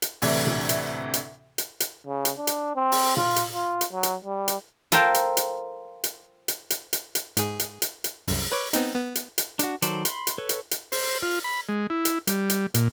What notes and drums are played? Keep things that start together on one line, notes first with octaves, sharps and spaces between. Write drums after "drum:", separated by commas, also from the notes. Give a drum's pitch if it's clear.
drum: hi-hat
D2 A2 C3 E3 D4, drum: open hi-hat
drum: tom A#2
drum: hi-hat
drum: hi-hat
drum: hi-hat
drum: hi-hat
C#3
drum: hi-hat
D4
drum: hi-hat
C4
drum: open hi-hat
F4, drum: tom A#2
drum: hi-hat
F4
drum: hi-hat
F#3
drum: hi-hat
G3
drum: hi-hat
F4 A4 A#4 C5 G5 A#5, drum: hi-hat
drum: hi-hat
drum: hi-hat
drum: hi-hat
drum: hi-hat
drum: hi-hat
drum: hi-hat
drum: hi-hat
G#2 G#4, drum: hi-hat
drum: hi-hat
drum: hi-hat
drum: hi-hat
C2 F#2, drum: open hi-hat
B4 C#5 D6
B3 C4 D#4, drum: hi-hat
B3
drum: hi-hat
drum: hi-hat
D4 F#4, drum: hi-hat
D#3 F#3 A4 C5 D5, drum: hi-hat
B5 C6, drum: hi-hat
drum: hi-hat
A4 B4 C#5
drum: hi-hat
drum: hi-hat
C5, drum: open hi-hat
F4
B5
G#3
E4
drum: hi-hat
G3, drum: hi-hat
drum: hi-hat
A#2, drum: hi-hat